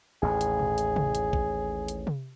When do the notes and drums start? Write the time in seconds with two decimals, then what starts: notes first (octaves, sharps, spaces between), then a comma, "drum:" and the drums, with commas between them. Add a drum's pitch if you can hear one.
0.22 A1 D#2 A2 G#4
0.41 drum: hi-hat
0.59 drum: tom A#2
0.78 drum: hi-hat
0.96 drum: tom C3
1.15 drum: hi-hat
1.33 drum: kick
1.88 drum: hi-hat
2.07 drum: tom C3